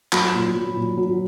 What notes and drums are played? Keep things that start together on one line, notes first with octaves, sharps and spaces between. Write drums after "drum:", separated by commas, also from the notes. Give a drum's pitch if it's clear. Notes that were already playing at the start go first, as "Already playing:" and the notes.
F#3 B5, drum: clap
A#2
F#3
A#2
F#3